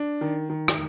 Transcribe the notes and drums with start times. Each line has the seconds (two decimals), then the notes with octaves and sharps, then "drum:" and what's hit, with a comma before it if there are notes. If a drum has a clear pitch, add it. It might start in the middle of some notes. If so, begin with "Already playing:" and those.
Already playing: D4
0.21 D#3
0.50 D#3
0.68 drum: rim click